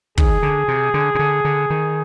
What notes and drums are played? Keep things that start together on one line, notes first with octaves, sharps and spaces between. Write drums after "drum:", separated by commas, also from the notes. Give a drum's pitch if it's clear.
D#3 G#4, drum: kick
D3
C3
D3
C3
D3
D3
D#3